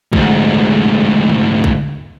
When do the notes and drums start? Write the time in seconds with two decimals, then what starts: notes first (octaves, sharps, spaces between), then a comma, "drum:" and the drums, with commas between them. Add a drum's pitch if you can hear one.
0.13 D2 G#2, drum: kick
1.29 drum: tom C3
1.64 drum: kick